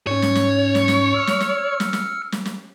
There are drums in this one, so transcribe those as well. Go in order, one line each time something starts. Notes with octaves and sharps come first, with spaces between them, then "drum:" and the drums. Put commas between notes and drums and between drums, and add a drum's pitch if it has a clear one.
G#2 C#4 C#5
drum: snare
drum: snare
drum: snare
drum: snare
E6 F6 C#7
drum: snare
drum: snare
drum: snare
drum: snare
drum: snare
drum: snare